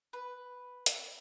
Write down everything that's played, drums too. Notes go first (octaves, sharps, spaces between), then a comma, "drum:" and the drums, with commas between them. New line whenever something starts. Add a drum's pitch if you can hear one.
B4
drum: hi-hat